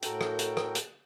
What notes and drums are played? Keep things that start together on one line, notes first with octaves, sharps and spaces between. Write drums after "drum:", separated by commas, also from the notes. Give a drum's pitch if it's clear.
A2 F#4 A4 A#4 G5, drum: hi-hat
drum: rim click
drum: hi-hat
drum: rim click
drum: hi-hat